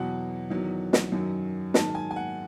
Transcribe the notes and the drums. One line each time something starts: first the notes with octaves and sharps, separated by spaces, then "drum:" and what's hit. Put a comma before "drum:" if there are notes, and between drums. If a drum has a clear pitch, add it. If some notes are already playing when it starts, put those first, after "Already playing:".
Already playing: E2 B2 F#3 F#5
E2 D#3 F#3
drum: snare
F#2 D#3 F#3
G#2 D#3 F#3 A5, drum: snare
G#5
G#5
F#5